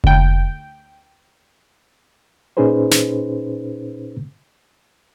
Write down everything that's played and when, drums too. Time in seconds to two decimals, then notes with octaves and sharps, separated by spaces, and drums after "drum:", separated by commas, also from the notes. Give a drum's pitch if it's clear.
0.04 D2 G5, drum: kick F1
2.57 A#2 C#4 D#4 G#4 B4 C5
2.91 drum: snare